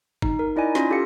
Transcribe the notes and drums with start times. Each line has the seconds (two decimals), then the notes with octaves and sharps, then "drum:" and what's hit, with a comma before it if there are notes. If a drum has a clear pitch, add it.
0.22 D#4, drum: kick
0.39 A#4
0.56 D#4 E4 D5 D#5 G#5
0.75 C#4 F4 A#6, drum: snare
0.91 F4 G4 A4 F5 C#7